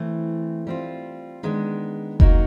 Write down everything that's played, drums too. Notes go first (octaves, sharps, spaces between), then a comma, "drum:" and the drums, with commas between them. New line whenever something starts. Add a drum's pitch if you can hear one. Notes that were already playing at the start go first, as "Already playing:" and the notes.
Already playing: E3 A3 C4
G3 C4 F4
D#3 G#3 B3 D4
F#3 A#3 D#4 F#4, drum: kick F1